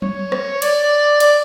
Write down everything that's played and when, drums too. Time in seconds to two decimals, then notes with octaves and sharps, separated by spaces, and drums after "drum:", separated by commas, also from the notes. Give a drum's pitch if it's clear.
0.02 C#5, drum: tom F#3
0.32 drum: rim click
0.62 D5, drum: cymbal
1.20 D5, drum: cymbal